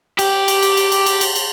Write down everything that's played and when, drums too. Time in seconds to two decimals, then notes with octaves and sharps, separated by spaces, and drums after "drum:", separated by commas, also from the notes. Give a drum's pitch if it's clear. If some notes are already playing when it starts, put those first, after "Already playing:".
0.19 G4, drum: cymbal
0.48 drum: cymbal
0.63 drum: cymbal
0.77 drum: cymbal
0.92 drum: cymbal
1.06 drum: cymbal
1.21 drum: cymbal
1.36 drum: cymbal